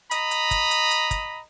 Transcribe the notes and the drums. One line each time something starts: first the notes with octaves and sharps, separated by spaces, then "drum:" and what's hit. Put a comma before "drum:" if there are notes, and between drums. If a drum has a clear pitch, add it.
D#5 A#5 B5, drum: hi-hat
drum: hi-hat
drum: kick, hi-hat
drum: hi-hat
drum: hi-hat
drum: kick, hi-hat